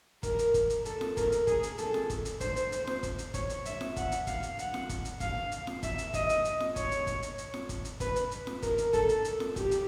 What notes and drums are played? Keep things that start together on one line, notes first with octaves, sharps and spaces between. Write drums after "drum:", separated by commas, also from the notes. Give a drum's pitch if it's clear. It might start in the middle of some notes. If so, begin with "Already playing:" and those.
A#4, drum: kick, hi-hat
drum: hi-hat
drum: kick, hi-hat
drum: hi-hat
A4, drum: hi-hat
drum: snare
A#4, drum: kick, hi-hat
drum: hi-hat
G#4, drum: kick, hi-hat
drum: hi-hat
A4, drum: hi-hat
drum: snare
drum: kick, hi-hat
drum: hi-hat
C5, drum: kick, hi-hat
drum: hi-hat
C5, drum: hi-hat
drum: snare
drum: kick, hi-hat
drum: hi-hat
C#5, drum: kick, hi-hat
drum: hi-hat
E5, drum: hi-hat
drum: snare
F#5, drum: kick, hi-hat
drum: hi-hat
F5, drum: kick, hi-hat
drum: hi-hat
F#5, drum: hi-hat
drum: snare
drum: kick, hi-hat
drum: hi-hat
F5, drum: kick, hi-hat
drum: hi-hat
drum: snare
E5, drum: kick, hi-hat
drum: hi-hat
D#5, drum: kick, hi-hat
drum: hi-hat
drum: hi-hat
drum: snare
C#5, drum: kick, hi-hat
drum: hi-hat
drum: kick, hi-hat
drum: hi-hat
drum: hi-hat
drum: snare
drum: kick, hi-hat
drum: hi-hat
B4, drum: kick, hi-hat
drum: hi-hat
drum: hi-hat
drum: snare
A#4, drum: kick, hi-hat
drum: hi-hat
A4, drum: kick, hi-hat
drum: hi-hat
drum: hi-hat
drum: snare
G4, drum: kick, hi-hat
drum: hi-hat